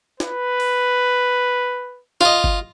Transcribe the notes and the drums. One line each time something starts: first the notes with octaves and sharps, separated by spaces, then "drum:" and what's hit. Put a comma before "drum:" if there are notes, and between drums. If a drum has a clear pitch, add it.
B4, drum: snare
drum: open hi-hat
F4 D#5, drum: snare
drum: kick G1